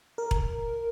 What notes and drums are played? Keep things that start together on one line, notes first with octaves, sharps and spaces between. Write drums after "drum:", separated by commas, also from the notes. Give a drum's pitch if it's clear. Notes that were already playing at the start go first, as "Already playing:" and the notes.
A#4
drum: kick E1